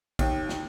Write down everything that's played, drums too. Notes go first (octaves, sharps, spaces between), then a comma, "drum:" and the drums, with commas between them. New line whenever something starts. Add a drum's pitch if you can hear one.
D#2, drum: kick, cymbal
drum: snare